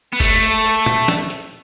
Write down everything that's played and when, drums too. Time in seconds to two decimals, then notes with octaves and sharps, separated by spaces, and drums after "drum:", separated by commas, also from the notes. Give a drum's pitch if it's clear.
0.13 B3
0.20 A3, drum: kick F#1, open hi-hat
0.43 drum: hi-hat
0.64 drum: hi-hat
0.86 drum: tom
1.08 drum: snare
1.30 drum: hi-hat